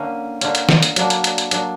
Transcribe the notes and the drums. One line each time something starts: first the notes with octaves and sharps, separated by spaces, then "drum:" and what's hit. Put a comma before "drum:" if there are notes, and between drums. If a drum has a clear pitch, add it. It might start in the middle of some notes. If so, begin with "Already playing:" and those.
Already playing: D3 A#3 C#4
D3 A#3 C#4, drum: hi-hat
drum: hi-hat
drum: snare
drum: hi-hat
F#3 A#3 D4, drum: hi-hat
drum: hi-hat
drum: hi-hat
drum: hi-hat
F#3 A#3 D4, drum: hi-hat